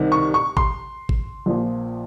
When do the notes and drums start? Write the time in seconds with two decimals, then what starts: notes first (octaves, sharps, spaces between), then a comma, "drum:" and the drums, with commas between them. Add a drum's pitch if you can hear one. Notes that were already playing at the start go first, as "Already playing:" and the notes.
Already playing: C2 C3 D#3
0.12 C#6
0.34 C#6
0.57 C6, drum: kick G#1
1.09 drum: kick G#1
1.46 A#1 A#2 F3